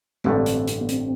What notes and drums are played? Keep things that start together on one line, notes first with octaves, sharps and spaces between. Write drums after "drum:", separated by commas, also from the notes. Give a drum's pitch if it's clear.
A1 G2 D3 A3 C4, drum: tom G#3
drum: hi-hat
drum: hi-hat
B3
C4, drum: hi-hat